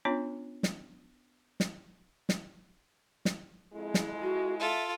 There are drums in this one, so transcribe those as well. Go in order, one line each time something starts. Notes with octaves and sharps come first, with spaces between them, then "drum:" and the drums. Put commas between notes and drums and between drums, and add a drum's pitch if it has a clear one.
B3 C#4 D4 F4 C#5
drum: snare
drum: snare
drum: snare
drum: snare
F2 G#3 E4
drum: snare
F#4
F4 A4 E5